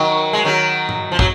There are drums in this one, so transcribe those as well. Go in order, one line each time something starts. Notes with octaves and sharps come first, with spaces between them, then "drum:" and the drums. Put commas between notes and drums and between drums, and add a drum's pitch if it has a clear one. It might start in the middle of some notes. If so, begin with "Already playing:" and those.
Already playing: D#3 F#3
G#3
D#3 F#3
drum: tom G#2
F3
F#3, drum: kick